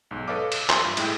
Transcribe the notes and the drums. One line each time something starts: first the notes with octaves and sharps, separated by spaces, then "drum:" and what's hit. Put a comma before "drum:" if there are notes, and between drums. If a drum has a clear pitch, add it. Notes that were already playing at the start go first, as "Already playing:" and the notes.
B1 G#2
A4 B4 C#5 D#5 F5 D6
E7, drum: cymbal
F4 E5 C6 E6, drum: clap
G2
A2 G#3 E4 G5, drum: cymbal